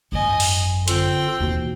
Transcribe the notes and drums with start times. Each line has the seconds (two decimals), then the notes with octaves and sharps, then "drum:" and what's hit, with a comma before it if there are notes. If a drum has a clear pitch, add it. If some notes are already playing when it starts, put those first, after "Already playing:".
0.12 G#1 F#2 D#5 G#5
0.40 drum: open hi-hat
0.88 D3 C4 F4 G5 E6, drum: hi-hat
1.41 D#2 B2 E3